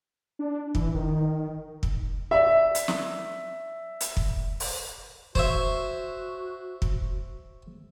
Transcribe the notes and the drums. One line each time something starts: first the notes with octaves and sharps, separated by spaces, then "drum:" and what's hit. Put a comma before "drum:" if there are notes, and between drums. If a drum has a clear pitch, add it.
D4
E3, drum: kick
D#3
drum: kick
D5 E5
drum: hi-hat
drum: snare
drum: hi-hat
drum: kick
drum: open hi-hat
F#4 C5 C#5 E5, drum: kick
drum: kick